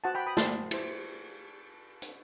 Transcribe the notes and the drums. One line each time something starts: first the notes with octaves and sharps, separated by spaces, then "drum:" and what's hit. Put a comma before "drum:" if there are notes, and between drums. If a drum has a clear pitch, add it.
F#4 C5 F#5 A5
G5 B5
B5 D#6
F#4 C5 A5 C6, drum: snare
E4 G4 C5, drum: cymbal
drum: hi-hat